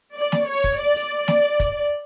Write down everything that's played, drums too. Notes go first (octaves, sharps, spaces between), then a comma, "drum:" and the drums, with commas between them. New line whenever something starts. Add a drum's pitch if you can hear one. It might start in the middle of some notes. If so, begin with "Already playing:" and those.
D5
drum: snare
C#5
drum: kick, hi-hat
D5
drum: open hi-hat
drum: snare
drum: kick, hi-hat